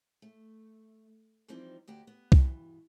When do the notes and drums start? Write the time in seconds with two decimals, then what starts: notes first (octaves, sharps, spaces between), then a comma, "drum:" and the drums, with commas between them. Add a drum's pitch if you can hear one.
0.22 A3
1.48 E3 F3 G3 C4 D#4
1.88 D2 F#4 G4
2.07 B3
2.32 G2 B2 E3, drum: kick C2